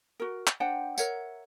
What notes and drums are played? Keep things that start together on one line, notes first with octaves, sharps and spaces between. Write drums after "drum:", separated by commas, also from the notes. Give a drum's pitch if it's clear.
F#4 A#4
drum: clap
D4 C5 F#5 G5
A#4 C#5 E5 F#5, drum: tambourine